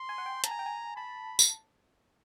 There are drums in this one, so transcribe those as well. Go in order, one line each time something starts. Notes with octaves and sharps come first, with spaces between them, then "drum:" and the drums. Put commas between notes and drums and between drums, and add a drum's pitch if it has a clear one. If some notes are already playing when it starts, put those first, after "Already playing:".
Already playing: C6
G#5
F#5
G5
A5 A#5, drum: hi-hat
G#5
G5
G#5
A5 B5
drum: tambourine